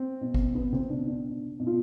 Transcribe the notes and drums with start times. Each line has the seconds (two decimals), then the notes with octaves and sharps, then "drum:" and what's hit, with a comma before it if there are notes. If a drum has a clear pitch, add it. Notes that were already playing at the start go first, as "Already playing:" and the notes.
Already playing: C4
0.21 B2
0.34 drum: kick G#1
0.55 B3
0.73 C4, drum: tom C#3
0.89 B2 D4
1.07 D4
1.60 B2
1.67 F4